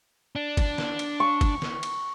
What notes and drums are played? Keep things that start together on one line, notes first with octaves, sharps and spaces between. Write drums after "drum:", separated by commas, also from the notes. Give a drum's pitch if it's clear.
D4
drum: kick, cymbal
drum: snare
drum: cymbal
C#6
drum: kick, cymbal
drum: snare
drum: cymbal